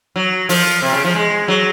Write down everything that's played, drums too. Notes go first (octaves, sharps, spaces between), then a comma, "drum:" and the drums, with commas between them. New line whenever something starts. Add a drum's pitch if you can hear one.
F#3
F3, drum: open hi-hat
C3
C#3
F3
G#3
F#3